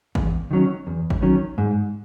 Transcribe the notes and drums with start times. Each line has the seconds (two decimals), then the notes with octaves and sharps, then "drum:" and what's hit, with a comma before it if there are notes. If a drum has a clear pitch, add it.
0.15 E2, drum: kick G#1
0.51 D#3 F#3 C#4
0.87 E2
1.10 drum: kick G#1
1.22 D#3 F#3 C#4
1.58 G#2